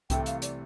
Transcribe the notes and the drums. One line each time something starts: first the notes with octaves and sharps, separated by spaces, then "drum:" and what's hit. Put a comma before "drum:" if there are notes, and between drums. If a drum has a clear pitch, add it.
C2 C3 E3 A3 E4 G5, drum: kick C2, hi-hat
F5, drum: hi-hat
D5, drum: hi-hat